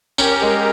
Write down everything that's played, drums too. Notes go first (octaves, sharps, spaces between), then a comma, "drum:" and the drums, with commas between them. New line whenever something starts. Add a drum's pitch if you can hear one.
C#4 G4 A#4, drum: tambourine
G#3